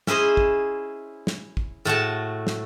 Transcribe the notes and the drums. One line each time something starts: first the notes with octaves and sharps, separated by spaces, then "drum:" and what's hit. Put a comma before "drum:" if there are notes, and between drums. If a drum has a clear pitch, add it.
C#4 E4 G#4 C5 D#5, drum: snare
drum: kick
drum: snare
drum: kick
A2 A3 F#4 A5
drum: snare